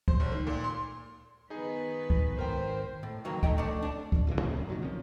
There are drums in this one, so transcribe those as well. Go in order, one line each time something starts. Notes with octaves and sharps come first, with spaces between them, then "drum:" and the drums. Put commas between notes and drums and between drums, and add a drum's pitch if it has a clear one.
C5, drum: kick
F#1
D#3
A#2
C6
D#3 B3 D#4 G#4 B4
drum: kick
G#1 G#2 A#4 C5 G5
A2
D#3 E3 F#3 A#3
A3 D#4 D#5 G5, drum: kick
A3 D4
D4 D5
drum: kick
D1 C#2 C#3 E3
D#2 A#2 C#3 A#3
F#2
C2 A#2 D#3 F#3
F3 C4 C#4